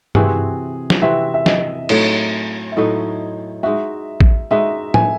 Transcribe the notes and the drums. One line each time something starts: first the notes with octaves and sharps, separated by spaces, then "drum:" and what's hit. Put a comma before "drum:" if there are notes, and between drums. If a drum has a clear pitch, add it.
C3 E3 C4 F#4 G#4, drum: tom G2
drum: snare
C3 E3 C4 F#4 E5
E5
D#5, drum: snare
A2 F#3 A3 D#4 C#5, drum: cymbal
E5
A2 F#3 A3 D#4 D#5
G#3 D#4 F#4 E5
drum: kick A1
G#3 D#4 F#4 E5
G#5, drum: tom